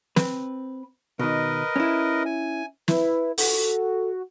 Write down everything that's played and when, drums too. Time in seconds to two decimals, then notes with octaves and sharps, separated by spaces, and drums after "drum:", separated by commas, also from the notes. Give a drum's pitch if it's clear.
0.16 C4 B4, drum: snare
1.19 B2 D#3 A#4 B4 D#5
1.76 C#4 E4
2.26 G#5
2.88 E4 B4, drum: snare
3.38 F#4 A4, drum: open hi-hat